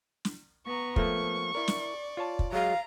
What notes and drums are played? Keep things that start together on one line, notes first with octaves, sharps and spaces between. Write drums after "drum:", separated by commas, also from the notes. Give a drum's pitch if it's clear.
drum: snare
B3 A#5 C#6
F3 A3 A#3 C#6, drum: kick
E4 A#4 D5
drum: snare
F4 C#5 A5
drum: kick
F#3 G#3 F5 A#5